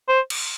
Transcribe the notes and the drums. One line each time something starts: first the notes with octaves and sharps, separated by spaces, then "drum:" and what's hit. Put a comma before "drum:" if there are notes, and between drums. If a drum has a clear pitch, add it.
C5
drum: cymbal